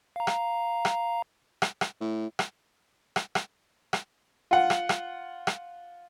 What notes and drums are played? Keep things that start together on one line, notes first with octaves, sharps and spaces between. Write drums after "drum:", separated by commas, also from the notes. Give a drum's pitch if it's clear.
F5 A#5
drum: rim click
drum: rim click
drum: rim click
drum: rim click
A2
drum: rim click
drum: rim click
drum: rim click
drum: rim click
F4 F#5
drum: rim click
drum: rim click
drum: rim click